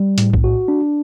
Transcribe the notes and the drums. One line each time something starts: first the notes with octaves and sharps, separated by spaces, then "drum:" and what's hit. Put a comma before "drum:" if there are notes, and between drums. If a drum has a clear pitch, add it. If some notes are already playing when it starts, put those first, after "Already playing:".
Already playing: G3
A2, drum: hi-hat
drum: kick B1
F#4
D4